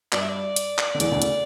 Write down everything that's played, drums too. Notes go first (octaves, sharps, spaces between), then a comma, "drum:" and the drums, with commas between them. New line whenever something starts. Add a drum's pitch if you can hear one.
G2 G3 D5, drum: clap
E5
D5
drum: hi-hat
drum: clap
D3
E2 E3 D5, drum: hi-hat
D2 D3
C#3, drum: hi-hat